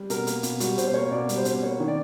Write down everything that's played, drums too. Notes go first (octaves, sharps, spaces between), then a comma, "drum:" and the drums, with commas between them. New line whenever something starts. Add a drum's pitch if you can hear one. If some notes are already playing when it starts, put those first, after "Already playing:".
Already playing: G3
B2 A#4, drum: hi-hat
A#3, drum: hi-hat
B2, drum: hi-hat
G3 F#4, drum: hi-hat
B2 C5, drum: hi-hat
C5
A#3 C#5
B2 D5
G3, drum: hi-hat
C5
B2, drum: hi-hat
A#3 C#5
D#3
D5